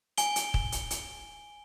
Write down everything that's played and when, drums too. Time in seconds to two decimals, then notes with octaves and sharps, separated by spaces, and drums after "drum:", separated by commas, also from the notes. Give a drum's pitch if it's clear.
0.18 G#5 D7 G7, drum: hi-hat
0.36 drum: hi-hat
0.54 drum: kick
0.72 drum: hi-hat
0.90 drum: hi-hat